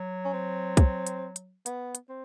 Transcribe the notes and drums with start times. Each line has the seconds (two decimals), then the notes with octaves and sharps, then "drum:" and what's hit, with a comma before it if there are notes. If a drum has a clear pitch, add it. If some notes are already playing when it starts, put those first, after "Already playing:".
Already playing: F#3
0.25 C#4
0.33 C4
0.77 drum: kick, hi-hat
1.07 drum: hi-hat
1.36 drum: hi-hat
1.66 B3, drum: hi-hat
1.95 drum: hi-hat
2.09 C4